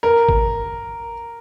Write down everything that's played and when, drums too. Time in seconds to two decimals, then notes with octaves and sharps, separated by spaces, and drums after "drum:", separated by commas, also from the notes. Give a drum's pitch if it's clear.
0.03 A#4
0.29 drum: kick